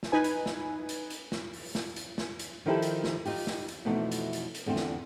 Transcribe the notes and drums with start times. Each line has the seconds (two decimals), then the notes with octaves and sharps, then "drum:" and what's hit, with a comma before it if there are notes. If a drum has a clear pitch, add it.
0.03 drum: snare
0.12 D#4 B4 G#5
0.24 drum: hi-hat
0.46 drum: snare
0.89 drum: hi-hat
1.10 drum: hi-hat
1.32 drum: snare
1.53 drum: open hi-hat
1.75 drum: snare
1.96 drum: hi-hat
2.18 drum: snare
2.39 drum: hi-hat
2.66 D#3 F3 D#4 E4 G4 A4
2.82 drum: hi-hat
3.04 drum: snare
3.25 D#4 F4 G4, drum: open hi-hat
3.47 drum: snare
3.68 drum: hi-hat
3.85 F2 B2 E3 A3 B3 D#4
4.12 drum: hi-hat
4.33 drum: hi-hat
4.55 drum: hi-hat
4.66 E2 D3 A3 C4
4.76 drum: snare